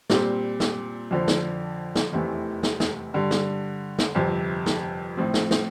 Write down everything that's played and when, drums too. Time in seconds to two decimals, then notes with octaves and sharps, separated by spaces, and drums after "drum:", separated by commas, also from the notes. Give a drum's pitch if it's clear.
0.10 A#2 G3 C4 G4, drum: snare
0.60 drum: snare
1.11 F2 D3 F3
1.28 drum: snare
1.96 drum: snare
2.12 F1 E2 C3 E3 A3
2.63 drum: snare
2.80 drum: snare
3.14 G2 D3 G3
3.31 drum: snare
3.99 drum: snare
4.15 G1 F2 C3
4.66 drum: snare
5.17 A#1 A2 F3 C4
5.34 drum: snare
5.51 drum: snare